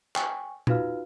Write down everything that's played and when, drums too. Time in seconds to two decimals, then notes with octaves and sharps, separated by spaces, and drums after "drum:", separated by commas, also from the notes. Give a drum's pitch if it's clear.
0.16 G5 G#5 C#6, drum: clap
0.67 D#4 F4 F#4 B4 F5 F6, drum: tom A#2